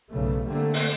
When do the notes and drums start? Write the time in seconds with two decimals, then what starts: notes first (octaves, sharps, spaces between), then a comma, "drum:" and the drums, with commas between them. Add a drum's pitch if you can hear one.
0.11 B1 G2 C#3 A3
0.49 D3 G3 A3 A#3 C4
0.74 drum: open hi-hat